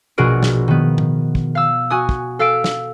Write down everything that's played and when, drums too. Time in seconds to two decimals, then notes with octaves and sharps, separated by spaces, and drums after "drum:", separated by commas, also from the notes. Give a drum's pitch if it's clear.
0.18 A#1 B2 F#4 G#4 A#4 D7
0.43 drum: snare
0.68 D#3 B3
0.98 drum: tom A2
1.35 drum: kick
1.55 F5 E6
1.90 F#4 G#5 D#6
2.09 drum: kick
2.39 A4 F5 E6 B6 D7
2.64 drum: snare